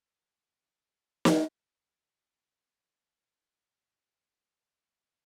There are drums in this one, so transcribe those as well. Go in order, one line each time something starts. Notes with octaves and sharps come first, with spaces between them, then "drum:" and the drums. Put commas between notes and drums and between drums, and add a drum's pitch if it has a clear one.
E6 F#6 A#6 D#7 F#7
drum: snare
F#5
D5
F#5